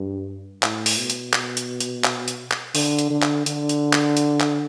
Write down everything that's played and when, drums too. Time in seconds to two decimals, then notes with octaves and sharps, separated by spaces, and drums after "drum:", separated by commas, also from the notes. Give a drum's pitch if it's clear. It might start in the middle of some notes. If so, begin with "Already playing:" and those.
Already playing: G2
0.63 A2, drum: clap
0.86 drum: open hi-hat
0.98 B2
1.10 drum: hi-hat
1.33 drum: clap
1.57 drum: hi-hat
1.80 drum: hi-hat
2.04 drum: clap
2.28 drum: hi-hat
2.51 drum: clap
2.75 D3, drum: open hi-hat
2.99 drum: hi-hat
3.10 D3
3.22 drum: clap
3.46 D3, drum: hi-hat
3.69 drum: hi-hat
3.93 drum: clap
4.17 drum: hi-hat
4.40 drum: clap